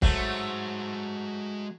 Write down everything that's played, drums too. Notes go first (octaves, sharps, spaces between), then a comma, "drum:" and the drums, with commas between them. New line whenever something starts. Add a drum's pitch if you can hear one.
F#3 G#3 A3 C5, drum: kick